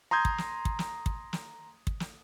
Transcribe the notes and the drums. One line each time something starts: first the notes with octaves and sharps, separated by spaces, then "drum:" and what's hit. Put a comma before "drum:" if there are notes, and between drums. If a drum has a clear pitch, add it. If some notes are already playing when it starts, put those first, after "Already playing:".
A#5 C6 D#6 G6 G#6
drum: kick
drum: snare
drum: kick
drum: snare
drum: kick
drum: snare
drum: kick
drum: snare